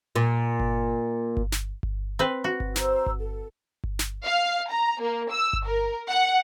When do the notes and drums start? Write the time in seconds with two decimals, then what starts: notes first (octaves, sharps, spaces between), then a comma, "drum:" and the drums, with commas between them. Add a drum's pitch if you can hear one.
0.16 A#2
0.60 drum: kick G1
1.37 drum: kick G1
1.52 drum: snare
1.83 drum: kick G1
2.19 C4 B4
2.44 F#4
2.60 drum: kick G1
2.76 C5 A#5 E6, drum: snare
3.06 drum: kick G1
3.18 A4
3.84 drum: kick G1
3.99 drum: snare
4.24 F5
4.70 A#5
5.00 A#3
5.31 E6
5.53 drum: kick G1
5.65 A#4
6.09 F#5